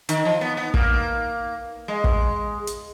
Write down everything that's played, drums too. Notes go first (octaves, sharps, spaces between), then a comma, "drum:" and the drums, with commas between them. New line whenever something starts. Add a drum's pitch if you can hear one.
D#3, drum: hi-hat
F3
B3
B3
A#3, drum: kick
G#3
drum: kick
drum: hi-hat